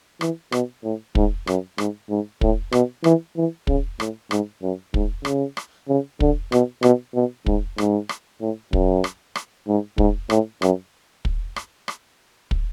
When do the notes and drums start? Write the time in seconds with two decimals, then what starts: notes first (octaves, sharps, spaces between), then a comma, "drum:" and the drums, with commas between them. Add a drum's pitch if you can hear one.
0.21 E3, drum: rim click
0.52 B2, drum: rim click
0.83 A2
1.15 G#2, drum: kick
1.47 F#2, drum: rim click
1.78 G#2, drum: rim click
2.10 G#2
2.41 A2, drum: kick
2.72 B2, drum: rim click
3.04 E3, drum: rim click
3.37 E3
3.67 C#3, drum: kick
4.00 A2, drum: rim click
4.31 G#2, drum: rim click
4.62 F#2
4.94 G#2, drum: kick
5.25 C#3, drum: rim click
5.57 drum: rim click
5.89 C#3
6.20 D3, drum: kick
6.52 B2, drum: rim click
6.83 B2, drum: rim click
7.14 B2
7.46 G#2, drum: kick
7.78 G#2, drum: rim click
8.09 drum: rim click
8.41 A2
8.73 F#2, drum: kick
9.04 drum: rim click
9.35 drum: rim click
9.68 G#2
9.98 G#2, drum: kick
10.30 A2, drum: rim click
10.62 F#2, drum: rim click
11.25 drum: kick
11.56 drum: rim click
11.88 drum: rim click
12.51 drum: kick